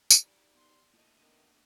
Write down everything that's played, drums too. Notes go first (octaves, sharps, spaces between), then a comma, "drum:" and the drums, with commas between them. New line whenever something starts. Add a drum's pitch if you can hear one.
drum: tambourine
G3 D#4 B5
B3 C6
A3 A#3 D4 E4 F4 D#5 E5
D#3 B3